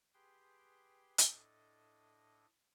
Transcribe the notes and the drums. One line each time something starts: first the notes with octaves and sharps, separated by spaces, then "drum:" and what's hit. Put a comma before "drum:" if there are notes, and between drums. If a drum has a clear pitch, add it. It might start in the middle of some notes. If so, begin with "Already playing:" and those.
G4 G#4 B4 G5 C6
A2 D4 A4 D#5, drum: hi-hat